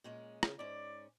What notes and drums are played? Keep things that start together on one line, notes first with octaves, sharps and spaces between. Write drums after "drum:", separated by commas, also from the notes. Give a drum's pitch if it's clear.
A#2 G#3 C#4
C#3, drum: rim click
G#2 C#4 D5